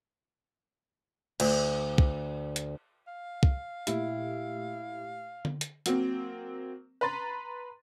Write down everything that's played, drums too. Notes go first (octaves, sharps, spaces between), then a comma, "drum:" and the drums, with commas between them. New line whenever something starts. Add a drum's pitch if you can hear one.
D2, drum: cymbal
drum: kick
drum: hi-hat
F5
drum: kick
A#2 A3 E4 G4, drum: hi-hat
drum: tom D3
drum: hi-hat
F#3 A#3 C4, drum: hi-hat
B4 A#5 C6 A6